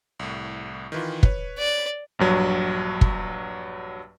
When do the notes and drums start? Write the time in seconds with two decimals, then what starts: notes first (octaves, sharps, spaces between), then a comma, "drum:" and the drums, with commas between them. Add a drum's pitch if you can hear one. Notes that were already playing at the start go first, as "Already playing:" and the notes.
0.19 C2 A2
0.92 D#3 E3 F4
1.23 B4 C#5, drum: kick
1.59 D5
2.19 A#1 G2 F#3
3.01 drum: kick